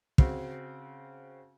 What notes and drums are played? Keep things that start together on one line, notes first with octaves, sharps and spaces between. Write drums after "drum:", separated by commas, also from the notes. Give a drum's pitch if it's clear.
C#3 C4 F#4, drum: kick